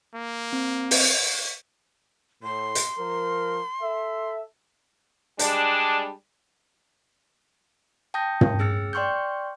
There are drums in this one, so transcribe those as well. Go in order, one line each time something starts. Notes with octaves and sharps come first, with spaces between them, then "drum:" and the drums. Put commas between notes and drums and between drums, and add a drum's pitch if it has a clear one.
A#3
C4
drum: open hi-hat
A2 C6
drum: hi-hat
F3 A#4
A4 E5
G3 G#3 D4, drum: hi-hat
G5 A5 D#6 G6 A#6
drum: tom
C#4 G#4 E6 F6 A6 C#7
D5 G5 C6 C#6 F6 G6